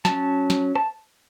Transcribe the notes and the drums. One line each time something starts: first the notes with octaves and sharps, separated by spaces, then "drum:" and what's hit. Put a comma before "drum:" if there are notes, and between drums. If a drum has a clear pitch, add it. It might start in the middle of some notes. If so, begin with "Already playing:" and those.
F#3 C#4 A5, drum: snare
drum: snare
A5, drum: rim click